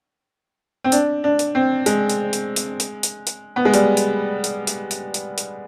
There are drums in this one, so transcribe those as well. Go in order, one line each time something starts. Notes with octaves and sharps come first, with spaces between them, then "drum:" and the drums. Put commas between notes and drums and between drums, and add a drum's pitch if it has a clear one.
C4
D4, drum: hi-hat
D4
drum: hi-hat
C4
G#3, drum: hi-hat
drum: hi-hat
drum: hi-hat
drum: hi-hat
drum: hi-hat
drum: hi-hat
drum: hi-hat
B3
G#3
G3, drum: hi-hat
drum: hi-hat
drum: hi-hat
drum: hi-hat
drum: hi-hat
drum: hi-hat
drum: hi-hat